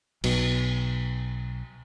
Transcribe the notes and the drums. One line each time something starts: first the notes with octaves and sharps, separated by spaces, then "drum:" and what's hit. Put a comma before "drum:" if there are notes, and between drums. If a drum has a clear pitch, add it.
B1 B2, drum: cymbal